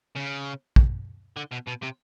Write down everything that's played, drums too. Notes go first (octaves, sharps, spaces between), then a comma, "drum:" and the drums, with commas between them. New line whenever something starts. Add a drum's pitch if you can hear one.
C#3
drum: kick
D3
B2
B2
C3